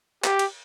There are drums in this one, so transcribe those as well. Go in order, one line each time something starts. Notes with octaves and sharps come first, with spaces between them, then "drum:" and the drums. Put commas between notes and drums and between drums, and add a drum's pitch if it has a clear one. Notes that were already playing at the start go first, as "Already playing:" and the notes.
G4, drum: clap
drum: cymbal